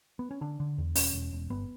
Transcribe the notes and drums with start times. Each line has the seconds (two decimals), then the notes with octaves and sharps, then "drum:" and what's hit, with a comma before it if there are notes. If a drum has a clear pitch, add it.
0.19 B3
0.31 C#4
0.41 D3 D4
0.60 D3
0.78 E2
0.95 E1 C#4, drum: open hi-hat
1.13 E1
1.33 E1
1.50 G1 B3